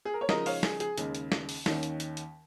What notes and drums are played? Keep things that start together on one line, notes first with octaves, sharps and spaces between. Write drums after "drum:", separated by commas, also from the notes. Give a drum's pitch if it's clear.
G#4
A#4
C#5
C#3 F3 G#3 D#4 A#4 D#5, drum: snare
C#5 F5, drum: open hi-hat
G#4, drum: snare
G#4, drum: hi-hat
D#2 C#3 G#3, drum: hi-hat
drum: hi-hat
drum: snare
drum: open hi-hat
D#2 D#3 C#4, drum: snare
drum: hi-hat
drum: hi-hat
drum: hi-hat